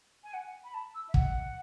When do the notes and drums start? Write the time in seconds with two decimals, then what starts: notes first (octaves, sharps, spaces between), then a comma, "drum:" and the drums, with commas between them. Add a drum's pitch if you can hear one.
0.24 G#5
0.34 F#5
0.64 B5
0.74 A5
0.95 E6
1.09 E5
1.14 F#5, drum: kick